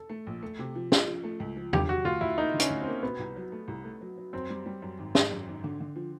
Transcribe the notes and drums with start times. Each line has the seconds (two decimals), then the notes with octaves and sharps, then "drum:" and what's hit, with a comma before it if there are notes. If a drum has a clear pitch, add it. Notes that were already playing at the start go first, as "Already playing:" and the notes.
Already playing: A4
0.09 A3
0.27 A#1
0.43 A3
0.59 C3
0.75 F3
0.92 F3, drum: snare
1.07 F3
1.24 A3
1.40 C#2
1.56 F3
1.73 D3 G4, drum: tom E2
1.88 F#3 F#4
2.05 D2 F4
2.21 D2 E4
2.37 A#3 D#4
2.54 D3
2.60 C#4, drum: hi-hat
2.70 D2
2.81 C4
2.87 A#3
3.03 B2 B3
3.19 C2
3.36 F#3
3.52 A3
3.68 C2
3.84 A3
4.01 F#3
4.18 F#3
4.33 F#2 C4
4.50 G3
4.66 G3
4.82 F#2
4.98 G#1
5.15 G#1, drum: snare
5.31 F#2
5.47 G#1
5.64 D3
5.80 D3
5.96 F3